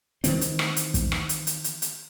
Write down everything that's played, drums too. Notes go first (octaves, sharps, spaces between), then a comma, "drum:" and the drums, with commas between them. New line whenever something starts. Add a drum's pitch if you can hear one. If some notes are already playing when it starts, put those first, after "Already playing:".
D#3 E3 C4, drum: hi-hat
drum: hi-hat
drum: rim click
drum: hi-hat
drum: kick, hi-hat
drum: rim click
drum: hi-hat
drum: hi-hat
drum: hi-hat
drum: hi-hat